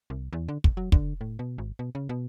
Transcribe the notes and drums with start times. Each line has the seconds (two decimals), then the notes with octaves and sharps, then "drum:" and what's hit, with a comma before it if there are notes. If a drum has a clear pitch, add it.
0.10 C2
0.33 E2
0.48 D3
0.64 B1, drum: kick
0.77 F#3
0.92 D3, drum: kick
1.21 A2
1.39 B2
1.58 G#1
1.79 B2
1.95 C#3
2.09 B2